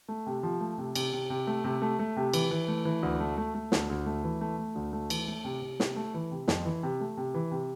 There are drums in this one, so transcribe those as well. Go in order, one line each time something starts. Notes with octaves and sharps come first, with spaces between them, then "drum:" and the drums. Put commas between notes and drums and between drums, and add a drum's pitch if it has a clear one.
A3
C3
F3
A3
C3
C3, drum: cymbal
C3
C3
A3
C3
A3
A3
C3
E3, drum: cymbal
E3
A3
E3
D2
A3
A3
A3
D2, drum: snare
D2
A3
E3
A3
A3
D2
A3
E3, drum: cymbal
A3
C3
C3
C3, drum: snare
A3
E3
C3
F2, drum: snare
E3
C3
A3
C3
E3
C3